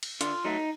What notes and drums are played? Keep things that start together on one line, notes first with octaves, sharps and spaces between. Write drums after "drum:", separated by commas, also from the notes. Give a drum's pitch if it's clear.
drum: cymbal
D3 F4, drum: hi-hat
F#3 A3 D#4